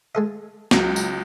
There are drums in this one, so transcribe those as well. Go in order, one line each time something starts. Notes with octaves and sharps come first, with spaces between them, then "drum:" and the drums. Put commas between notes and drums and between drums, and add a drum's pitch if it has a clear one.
G#3 A4 D#5
C#2 F#3, drum: snare
drum: tambourine